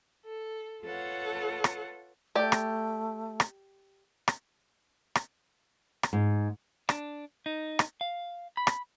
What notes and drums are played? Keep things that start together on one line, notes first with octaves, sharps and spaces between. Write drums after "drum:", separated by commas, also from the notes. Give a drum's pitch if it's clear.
A4
F4 A4 B4 C#5 F#5
drum: rim click
A3 G4 D5 G5
drum: rim click
drum: rim click
drum: rim click
drum: rim click
drum: rim click
G#2
D4, drum: rim click
D#4
drum: rim click
F5
B5
drum: rim click